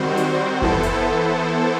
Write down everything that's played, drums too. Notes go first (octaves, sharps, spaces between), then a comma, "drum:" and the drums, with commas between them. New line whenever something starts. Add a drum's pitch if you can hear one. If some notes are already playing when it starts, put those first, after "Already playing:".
Already playing: D#3 G3 C4 F#4 C5
drum: hi-hat
E3 B3 E4 A4 C5, drum: kick F#1
drum: hi-hat